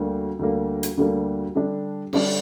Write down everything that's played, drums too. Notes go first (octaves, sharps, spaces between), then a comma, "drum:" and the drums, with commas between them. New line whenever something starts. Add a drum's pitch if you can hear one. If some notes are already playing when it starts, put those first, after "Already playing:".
Already playing: D2 D3 G3 A#3
D2 D3 G3 A#3
drum: hi-hat
D2 D3 G3 A#3
D3 G3 D4
D3 G3 D4, drum: cymbal